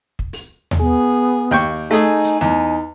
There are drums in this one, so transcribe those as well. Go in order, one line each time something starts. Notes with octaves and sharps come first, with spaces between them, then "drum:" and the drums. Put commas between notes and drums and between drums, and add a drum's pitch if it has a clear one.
drum: kick
drum: open hi-hat
drum: tom D#2
B3 G#4
D#2 G5 C#6
A3 D#4 G#4 G#5
drum: hi-hat
E2 D#4, drum: snare G#3